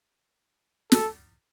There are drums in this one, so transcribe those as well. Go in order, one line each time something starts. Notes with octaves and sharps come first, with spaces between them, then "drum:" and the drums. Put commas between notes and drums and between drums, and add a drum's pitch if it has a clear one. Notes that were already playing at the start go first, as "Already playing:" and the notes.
A4, drum: snare